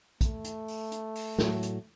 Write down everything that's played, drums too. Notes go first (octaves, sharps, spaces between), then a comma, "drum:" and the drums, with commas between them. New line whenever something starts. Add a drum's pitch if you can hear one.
A3, drum: kick, hi-hat
drum: hi-hat
drum: open hi-hat
drum: hi-hat
drum: open hi-hat
A2 F#3, drum: snare
drum: hi-hat